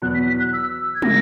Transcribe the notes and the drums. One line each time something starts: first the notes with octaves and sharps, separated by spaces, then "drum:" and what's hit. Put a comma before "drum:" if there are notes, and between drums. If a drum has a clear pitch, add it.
E2 B2 F#3 B3 F#6
B6
B6
F#6
E6
G#6
C#3 F#3 A#3 A#6, drum: tom